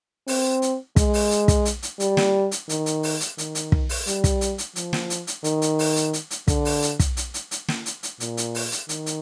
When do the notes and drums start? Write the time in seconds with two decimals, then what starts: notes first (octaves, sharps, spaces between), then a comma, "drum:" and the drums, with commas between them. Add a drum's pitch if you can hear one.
0.28 C4, drum: open hi-hat
0.62 drum: hi-hat
0.96 G#3, drum: kick, hi-hat
1.14 drum: open hi-hat
1.31 drum: hi-hat
1.48 drum: kick, hi-hat
1.65 drum: hi-hat
1.83 drum: hi-hat
2.00 G3, drum: hi-hat
2.17 drum: snare
2.51 drum: hi-hat
2.69 D#3, drum: hi-hat
2.86 drum: hi-hat
3.03 drum: open hi-hat
3.20 drum: hi-hat
3.38 D#3, drum: hi-hat
3.55 drum: hi-hat
3.72 drum: kick
3.89 drum: open hi-hat
4.07 G3, drum: hi-hat
4.24 drum: kick, hi-hat
4.41 drum: hi-hat
4.58 drum: hi-hat
4.76 F3, drum: hi-hat
4.93 drum: snare
5.10 drum: hi-hat
5.27 drum: hi-hat
5.44 D#3, drum: hi-hat
5.62 drum: hi-hat
5.79 drum: open hi-hat
5.96 drum: hi-hat
6.13 drum: hi-hat
6.31 drum: hi-hat
6.48 D3, drum: kick, hi-hat
6.65 drum: open hi-hat
6.82 drum: hi-hat
6.99 drum: kick, hi-hat
7.17 drum: hi-hat
7.34 drum: hi-hat
7.51 drum: hi-hat
7.68 drum: snare
7.86 drum: hi-hat
8.03 drum: hi-hat
8.20 A#2, drum: hi-hat
8.37 drum: hi-hat
8.55 drum: open hi-hat
8.72 drum: hi-hat
8.89 D#3, drum: hi-hat
9.06 drum: hi-hat